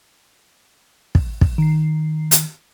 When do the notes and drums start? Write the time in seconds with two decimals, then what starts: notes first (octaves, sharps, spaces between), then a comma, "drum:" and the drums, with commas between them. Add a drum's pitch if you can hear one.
1.15 drum: kick
1.41 drum: kick
1.58 D#3 C7
2.31 drum: hi-hat